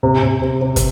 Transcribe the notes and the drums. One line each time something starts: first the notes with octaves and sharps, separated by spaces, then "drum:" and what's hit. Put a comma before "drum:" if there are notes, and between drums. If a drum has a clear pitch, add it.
C3
C3
C3
C3
drum: kick, hi-hat